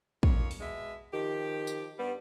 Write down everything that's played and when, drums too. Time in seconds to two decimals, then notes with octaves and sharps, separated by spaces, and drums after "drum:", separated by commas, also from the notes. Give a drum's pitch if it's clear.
0.23 F2 A#3 C#5, drum: kick
0.51 drum: open hi-hat
0.61 B2 G#3 E5
1.13 D#3 F3 G4
1.67 drum: tambourine
1.99 G2 G3 B3